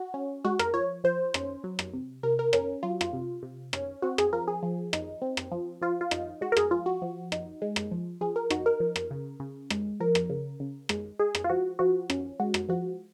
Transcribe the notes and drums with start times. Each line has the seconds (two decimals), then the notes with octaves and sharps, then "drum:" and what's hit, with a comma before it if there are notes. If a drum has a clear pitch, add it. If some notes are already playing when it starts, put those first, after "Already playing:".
Already playing: F#4
0.14 C#4
0.45 G#3 F#4
0.59 A#4, drum: rim click
0.74 F3 C#5
1.04 F3 C5
1.34 C#4, drum: rim click
1.64 F#3
1.79 drum: rim click
1.93 C3
2.23 C3 A#4
2.39 A#4
2.53 C#4 A#4, drum: rim click
2.83 F#3 F4
3.01 F4, drum: rim click
3.13 C3
3.43 C3
3.73 C#4, drum: rim click
4.02 C4 F#4
4.18 G#4, drum: rim click
4.33 F3 A#4
4.48 G#4
4.63 F3
4.93 D#4, drum: rim click
5.22 C4
5.37 drum: rim click
5.52 F3
5.82 F3 F4
6.01 F4
6.11 D#4, drum: rim click
6.41 G#3 F#4
6.52 A#4
6.57 G#4, drum: rim click
6.71 F3 F4
6.86 F#4
7.02 F3
7.32 D#4, drum: rim click
7.62 G#3
7.76 drum: rim click
7.91 F3
8.21 F3 G#4
8.36 A#4
8.50 D#4 F#4, drum: rim click
8.66 A#4
8.80 F3
8.96 drum: rim click
9.11 C#3
9.40 C#3
9.70 G#3, drum: rim click
10.00 F3 A#4
10.15 drum: rim click
10.29 C#3
10.60 C#3
10.89 G#3, drum: rim click
11.19 G#3 G#4
11.35 drum: rim click
11.44 F4
11.50 F3 F#4
11.79 F3 F#4
12.10 C#4, drum: rim click
12.40 G#3 F#4
12.54 drum: rim click
12.69 F3 F#4